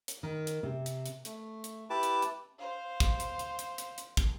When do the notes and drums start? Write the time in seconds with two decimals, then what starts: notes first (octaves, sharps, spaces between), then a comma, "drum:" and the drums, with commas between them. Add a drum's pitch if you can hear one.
0.08 drum: hi-hat
0.23 D#3
0.47 drum: hi-hat
0.63 C3
0.86 drum: hi-hat
1.06 drum: hi-hat
1.25 A3, drum: hi-hat
1.64 drum: hi-hat
1.90 E4 G4 B4 A5 D6
2.03 drum: hi-hat
2.22 drum: hi-hat
2.58 C5 F5
3.00 drum: kick, hi-hat
3.20 drum: hi-hat
3.39 drum: hi-hat
3.59 drum: hi-hat
3.78 drum: hi-hat
3.98 drum: hi-hat
4.17 drum: kick, hi-hat